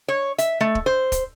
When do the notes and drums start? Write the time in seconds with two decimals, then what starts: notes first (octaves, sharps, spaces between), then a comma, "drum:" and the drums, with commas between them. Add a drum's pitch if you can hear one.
0.08 C#5
0.38 E5, drum: hi-hat
0.61 A3
0.75 drum: kick
0.86 C5
1.12 drum: kick, hi-hat